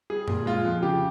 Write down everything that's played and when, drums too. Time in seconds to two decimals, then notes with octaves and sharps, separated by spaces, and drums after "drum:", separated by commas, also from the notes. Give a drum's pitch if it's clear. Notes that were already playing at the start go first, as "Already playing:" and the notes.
0.10 G3 G#4
0.28 A#2, drum: tom F#2
0.46 G#3 F4
0.65 F2
0.83 C#3 G4